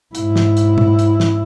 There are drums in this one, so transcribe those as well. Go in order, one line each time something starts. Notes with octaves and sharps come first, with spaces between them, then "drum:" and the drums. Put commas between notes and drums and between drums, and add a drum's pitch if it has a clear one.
G#2 E4, drum: hi-hat
drum: snare
drum: hi-hat
drum: tom A2
drum: hi-hat
drum: snare